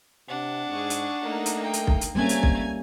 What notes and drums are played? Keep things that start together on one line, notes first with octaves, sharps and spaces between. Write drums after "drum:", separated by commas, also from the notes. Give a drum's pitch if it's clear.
C3 D4 F#5
G#2 G#4 C#6
drum: hi-hat
A3 A#3 D#4 A#5
drum: hi-hat
G5
drum: hi-hat
drum: kick B1
drum: hi-hat
G3 A3 A#3 C4 C#4 G#5 A#5 G#6
drum: hi-hat
drum: kick B1